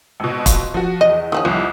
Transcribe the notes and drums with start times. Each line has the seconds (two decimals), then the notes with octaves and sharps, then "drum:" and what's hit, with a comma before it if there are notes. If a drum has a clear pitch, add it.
0.20 G#1 B2
0.46 F4, drum: kick, hi-hat
0.74 F3 F#4
1.01 E2 D#5
1.32 D#3 F3 C#4 D#6
1.45 C2 F2